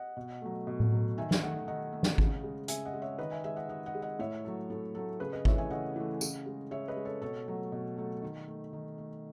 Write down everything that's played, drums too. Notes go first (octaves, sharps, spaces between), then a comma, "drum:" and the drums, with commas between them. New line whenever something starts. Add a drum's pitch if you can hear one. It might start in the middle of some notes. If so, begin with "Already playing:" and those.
Already playing: D#5 F#5
B2
F#3 A3
B2
drum: tom A2
F#3 A3
D#3 E5 G#5
drum: snare
A3 D#5 F#5
D#3 D#5 F#5
A3
drum: snare
C#3, drum: kick G#1
G#3
C#3 E5 G#5, drum: hi-hat
D#5 F#5
G#3
C#5 E5
D#3 B4 D#5
E5 G#5
G#3 E5 G#5
D#5 F#5
D#3 D#5 F#5
D#5 F#5
G#3
D#5 F#5
A2 C#5 E5
F#3 A3 A4
A2 A4
F#3 A3 A4
C#3 G#4 B4
B4 D#5
E3 A3 C#5 E5, drum: kick G#1
E5 G#5
C#3 D#5 F#5
E3 A3
C#3, drum: tambourine
G#3
C#3 C#5 E5
B4 D#5
G#3
A4 C#5
B2 A4 C#5
F#3 A3
B2
F#3 A3
D#3
A3
D#3
A3